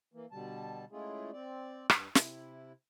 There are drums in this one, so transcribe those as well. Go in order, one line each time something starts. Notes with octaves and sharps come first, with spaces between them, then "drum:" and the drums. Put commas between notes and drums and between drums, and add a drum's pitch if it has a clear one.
E3 A#3
B2 D3 G3 A5
G#3 A3 C#4 E4 F4 G#4
C4 D5
G2, drum: rim click
C3 E4, drum: snare